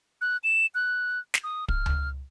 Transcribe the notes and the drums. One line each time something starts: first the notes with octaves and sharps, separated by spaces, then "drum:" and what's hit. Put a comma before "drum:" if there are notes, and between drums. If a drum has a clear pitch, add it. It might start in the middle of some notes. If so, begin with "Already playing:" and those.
F#6
E7
F#6
drum: snare
D#6
F6, drum: kick
drum: tom C#2